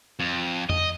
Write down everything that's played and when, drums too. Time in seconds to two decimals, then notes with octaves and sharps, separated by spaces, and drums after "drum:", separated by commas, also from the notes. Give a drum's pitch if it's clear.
0.20 F2
0.69 D#5, drum: tom F2